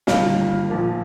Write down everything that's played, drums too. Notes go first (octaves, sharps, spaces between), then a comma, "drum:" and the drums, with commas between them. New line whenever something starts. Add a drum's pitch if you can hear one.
G1 G2 D#3 G3 A#3 F5, drum: snare
A#1 A#2 F3 A#3